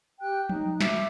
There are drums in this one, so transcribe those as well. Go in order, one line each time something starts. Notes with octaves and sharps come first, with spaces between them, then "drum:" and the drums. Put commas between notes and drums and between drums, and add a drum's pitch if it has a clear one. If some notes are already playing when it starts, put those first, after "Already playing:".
G4 G5 F#6
D#4, drum: tom F3
E5 D6, drum: snare